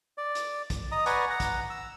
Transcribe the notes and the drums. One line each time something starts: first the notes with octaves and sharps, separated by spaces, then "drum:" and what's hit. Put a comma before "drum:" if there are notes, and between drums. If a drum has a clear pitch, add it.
D5
drum: hi-hat
drum: kick, hi-hat
D#5 A#5 D#6
B4 D5 F#5 G#5 A#5 C#6, drum: hi-hat
F#5 A#5
drum: kick, hi-hat
E6